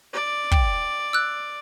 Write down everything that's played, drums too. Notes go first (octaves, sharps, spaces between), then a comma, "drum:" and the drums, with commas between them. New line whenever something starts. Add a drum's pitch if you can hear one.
D5
G5, drum: kick
E6 F#6